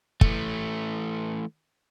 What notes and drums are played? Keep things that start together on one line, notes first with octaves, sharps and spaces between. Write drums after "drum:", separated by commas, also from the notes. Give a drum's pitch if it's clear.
E3 A3, drum: kick